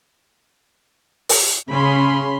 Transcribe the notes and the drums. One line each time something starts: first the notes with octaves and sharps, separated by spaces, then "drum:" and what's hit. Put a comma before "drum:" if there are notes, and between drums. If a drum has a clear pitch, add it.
drum: open hi-hat
C#3 C#4 B5 C6